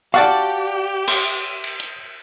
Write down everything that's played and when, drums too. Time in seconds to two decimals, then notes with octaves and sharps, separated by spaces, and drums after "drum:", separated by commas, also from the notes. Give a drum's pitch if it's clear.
0.14 F#4 G4 D5 F5 F#5 A5 C#6 D6
1.08 C6, drum: cymbal
1.64 drum: cymbal
1.80 drum: hi-hat